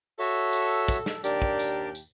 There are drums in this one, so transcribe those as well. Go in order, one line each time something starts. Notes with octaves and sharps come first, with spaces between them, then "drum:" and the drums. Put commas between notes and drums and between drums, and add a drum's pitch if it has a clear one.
F#4 A4 C#5 E5
drum: tambourine
drum: kick, tambourine
drum: snare
D#2 D4 G4 A#4 D5, drum: tambourine
drum: kick
drum: tambourine
drum: tambourine